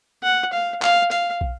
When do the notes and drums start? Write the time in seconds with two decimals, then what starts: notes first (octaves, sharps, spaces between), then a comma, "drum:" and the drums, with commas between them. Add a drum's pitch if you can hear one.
0.23 F#5
0.53 F5
0.82 F5, drum: clap
1.11 F5, drum: hi-hat
1.41 drum: kick